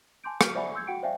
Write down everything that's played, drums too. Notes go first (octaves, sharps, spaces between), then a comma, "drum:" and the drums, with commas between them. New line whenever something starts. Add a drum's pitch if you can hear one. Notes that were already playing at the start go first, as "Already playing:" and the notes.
G#5 A5 C6 D6 G6 D7
F#4 F6 G6 B6 D7 D#7, drum: rim click
C5 D5 E5 F#5 G#5 B5
G#5 C6 E6 G6 G#6
F#4 F#5 G5 C#7 D7
C5 D5 E5 F5 G5 G#5